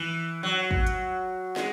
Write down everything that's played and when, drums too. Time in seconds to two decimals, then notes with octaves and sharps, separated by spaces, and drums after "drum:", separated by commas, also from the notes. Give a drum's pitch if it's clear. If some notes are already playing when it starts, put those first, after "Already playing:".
Already playing: E3
0.43 F#3
0.71 drum: kick
0.87 drum: hi-hat
1.56 G#3, drum: snare